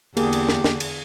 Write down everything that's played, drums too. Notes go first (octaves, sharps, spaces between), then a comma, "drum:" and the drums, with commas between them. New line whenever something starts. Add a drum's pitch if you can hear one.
E2 D3 A#3 G4 G#4, drum: cymbal
drum: cymbal
drum: snare
drum: snare
drum: cymbal